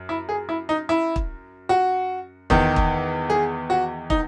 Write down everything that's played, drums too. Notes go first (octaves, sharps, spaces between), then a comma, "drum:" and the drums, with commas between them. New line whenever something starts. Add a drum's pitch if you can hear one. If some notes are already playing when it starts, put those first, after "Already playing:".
Already playing: F#2
E4
G#4
E4
D#4
E4
drum: kick
F#4
E2 D#3, drum: kick
drum: kick
G#4
F#4
D#4, drum: kick